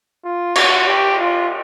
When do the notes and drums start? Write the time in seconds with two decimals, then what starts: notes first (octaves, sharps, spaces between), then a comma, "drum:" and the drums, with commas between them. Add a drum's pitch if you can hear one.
0.25 F4
0.56 F#4, drum: cymbal
0.88 G4
1.20 F4